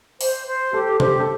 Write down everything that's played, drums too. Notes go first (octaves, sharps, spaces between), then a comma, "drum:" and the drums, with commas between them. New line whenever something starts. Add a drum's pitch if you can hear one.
C5, drum: open hi-hat
C5
G4 A4
G4 C5, drum: tom C3
A4